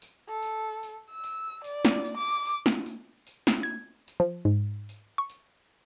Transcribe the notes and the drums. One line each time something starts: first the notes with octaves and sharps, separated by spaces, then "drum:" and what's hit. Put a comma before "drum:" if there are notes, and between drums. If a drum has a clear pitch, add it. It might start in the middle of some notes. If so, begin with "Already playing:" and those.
drum: tambourine
A4
drum: tambourine
drum: tambourine
E6
drum: tambourine
D5, drum: tambourine
drum: snare
drum: tambourine
D6
drum: tambourine
drum: snare
drum: tambourine
drum: tambourine
drum: snare
G#6
drum: tambourine
F3
G#2
drum: tambourine
C#6
drum: tambourine